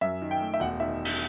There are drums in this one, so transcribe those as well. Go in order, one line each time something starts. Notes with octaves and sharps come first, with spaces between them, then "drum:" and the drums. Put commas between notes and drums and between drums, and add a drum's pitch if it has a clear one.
F#2 E5
D#3
G5
A3
E5
E1 F#5
D#3 E5
drum: cymbal